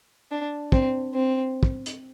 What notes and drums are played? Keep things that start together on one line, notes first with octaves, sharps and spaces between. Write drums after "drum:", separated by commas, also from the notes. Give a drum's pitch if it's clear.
D4
C4, drum: kick
C4
drum: kick
drum: hi-hat